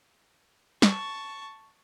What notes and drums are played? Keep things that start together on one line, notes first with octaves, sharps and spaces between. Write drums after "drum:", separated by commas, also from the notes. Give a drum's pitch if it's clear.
A5 C#6, drum: snare